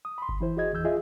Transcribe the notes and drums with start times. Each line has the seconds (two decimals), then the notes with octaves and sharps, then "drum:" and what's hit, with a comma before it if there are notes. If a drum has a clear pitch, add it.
0.05 D#6
0.18 B5 C6
0.29 drum: kick G1
0.41 E3 E4 C5
0.57 F#4 G#4 D#5 G#6
0.73 E2 E3 E6 G6
0.84 F4 G#4 D#5 E5